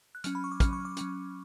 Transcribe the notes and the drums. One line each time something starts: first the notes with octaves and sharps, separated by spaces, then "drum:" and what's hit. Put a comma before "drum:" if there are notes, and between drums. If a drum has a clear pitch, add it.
F#6
F#3 C#4 F6, drum: hi-hat
B5
C#6
D6
F#3 C#4 F6, drum: kick, hi-hat
C#6
D6
F#3 C#4, drum: hi-hat